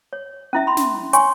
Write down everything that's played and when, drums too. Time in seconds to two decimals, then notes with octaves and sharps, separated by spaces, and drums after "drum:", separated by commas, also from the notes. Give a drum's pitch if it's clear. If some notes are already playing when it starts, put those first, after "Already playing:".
0.13 C#5
0.53 C#4 E4 E5
0.67 B5 C6
0.77 drum: snare
1.13 C#5 G5 G#5 C6 C#6, drum: hi-hat